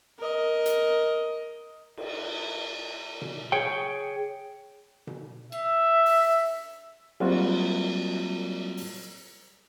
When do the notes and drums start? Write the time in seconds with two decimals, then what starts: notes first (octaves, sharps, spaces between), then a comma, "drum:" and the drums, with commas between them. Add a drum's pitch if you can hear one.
0.19 A#4 D#5
0.66 drum: hi-hat
1.97 drum: cymbal
3.22 drum: tom B2
3.52 G#4 C#5 G5
5.07 drum: tom B2
5.52 E5, drum: cymbal
6.06 drum: open hi-hat
7.20 F#3 G3 A#3 C4 F4 F#4, drum: cymbal
8.77 drum: open hi-hat